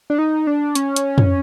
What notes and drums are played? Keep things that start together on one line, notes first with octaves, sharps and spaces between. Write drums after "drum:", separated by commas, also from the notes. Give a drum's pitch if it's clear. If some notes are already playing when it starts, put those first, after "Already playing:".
D4
D#4
D4
C#4, drum: hi-hat
drum: hi-hat
drum: tom